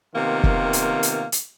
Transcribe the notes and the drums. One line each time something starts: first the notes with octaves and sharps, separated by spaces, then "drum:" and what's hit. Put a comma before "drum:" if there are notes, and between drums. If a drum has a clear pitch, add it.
C3 D#3 A#3 B3 F4
drum: kick
drum: hi-hat
drum: hi-hat
drum: hi-hat